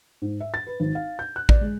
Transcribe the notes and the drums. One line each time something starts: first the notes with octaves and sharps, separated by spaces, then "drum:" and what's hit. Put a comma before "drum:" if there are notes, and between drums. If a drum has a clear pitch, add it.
G#2
E5
A6
B4
G#1
F5
G6
F#6
D5, drum: kick A1
G#3